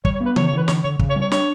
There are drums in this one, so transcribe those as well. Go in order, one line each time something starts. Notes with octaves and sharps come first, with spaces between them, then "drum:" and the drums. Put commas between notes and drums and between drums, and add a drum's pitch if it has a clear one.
G3 C#5, drum: kick
C#5
B3
B4
C#3 C#5, drum: tom D#3
C#5
E3 B4
D3 C#5, drum: snare
D3 C#5
C#3, drum: kick
C#5
G3
C#5
D4 C#5, drum: snare